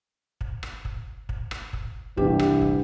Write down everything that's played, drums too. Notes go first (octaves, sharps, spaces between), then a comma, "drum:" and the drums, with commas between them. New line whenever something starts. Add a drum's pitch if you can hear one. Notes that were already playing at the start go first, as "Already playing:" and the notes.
drum: kick
drum: rim click
drum: kick
drum: kick
drum: rim click
drum: kick
C2 G2 E3 G4, drum: kick
drum: rim click
drum: kick